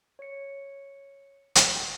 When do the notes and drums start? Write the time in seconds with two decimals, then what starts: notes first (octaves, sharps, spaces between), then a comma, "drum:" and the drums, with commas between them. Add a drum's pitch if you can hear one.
0.19 C#5 C#7
1.55 drum: hi-hat